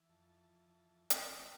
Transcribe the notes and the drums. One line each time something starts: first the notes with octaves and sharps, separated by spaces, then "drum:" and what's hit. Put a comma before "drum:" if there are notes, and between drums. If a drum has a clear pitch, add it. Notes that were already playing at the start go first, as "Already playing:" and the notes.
Already playing: E3
F2 A5
E3 A5
F2
E3
F2
F2 A5, drum: hi-hat
A#5
F2 A5